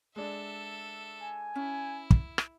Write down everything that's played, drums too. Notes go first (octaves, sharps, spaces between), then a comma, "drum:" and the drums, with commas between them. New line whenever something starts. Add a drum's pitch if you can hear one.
G#3 D4 A4 E5
G#5
C#4 E4
drum: kick
drum: rim click